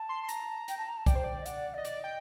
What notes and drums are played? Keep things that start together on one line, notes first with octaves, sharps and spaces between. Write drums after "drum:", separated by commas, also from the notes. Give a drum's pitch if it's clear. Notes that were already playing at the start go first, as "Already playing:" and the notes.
Already playing: A5
C6
C6
A#5, drum: hi-hat
G5, drum: hi-hat
A5
A#5
A5
D5 G5, drum: kick B1, hi-hat
C5
D5
D#5
F#5, drum: hi-hat
D5 D#5
D5 D#5, drum: hi-hat
G5